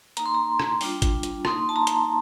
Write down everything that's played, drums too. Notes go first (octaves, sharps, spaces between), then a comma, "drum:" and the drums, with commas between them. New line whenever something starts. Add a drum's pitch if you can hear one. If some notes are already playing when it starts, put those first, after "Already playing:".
A#3 D#4 A#5, drum: hi-hat
C6
A#5
drum: rim click
G3 D4 F4, drum: open hi-hat
drum: kick G1, hi-hat
drum: hi-hat
A#3 D#4 C6, drum: rim click
A5
A#5
drum: hi-hat